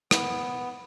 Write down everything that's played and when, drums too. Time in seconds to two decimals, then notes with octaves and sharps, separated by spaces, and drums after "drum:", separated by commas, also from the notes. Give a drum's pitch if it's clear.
0.11 B3, drum: rim click